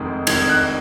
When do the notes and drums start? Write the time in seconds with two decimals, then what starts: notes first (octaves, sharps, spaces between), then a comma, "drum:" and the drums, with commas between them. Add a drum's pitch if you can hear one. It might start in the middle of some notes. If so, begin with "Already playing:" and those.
Already playing: F1 F2 D#3 G#3
0.27 F1 F2 D#3 G#3 G#6, drum: cymbal
0.49 F#6